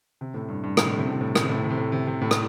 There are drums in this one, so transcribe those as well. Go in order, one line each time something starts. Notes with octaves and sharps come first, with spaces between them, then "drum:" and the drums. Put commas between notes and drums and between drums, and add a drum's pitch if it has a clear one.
C3
A2
G2
G2
A2, drum: rim click
C3
A2
C3
A2
C3
A2
C3
A2, drum: rim click
C3
A2
C3
A2
C3
A2
C3
C3
A2
drum: rim click